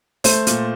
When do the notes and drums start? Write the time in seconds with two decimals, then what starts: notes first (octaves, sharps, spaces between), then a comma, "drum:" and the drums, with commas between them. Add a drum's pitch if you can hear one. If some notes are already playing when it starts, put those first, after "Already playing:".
0.24 A3 C5, drum: open hi-hat
0.47 A#2, drum: hi-hat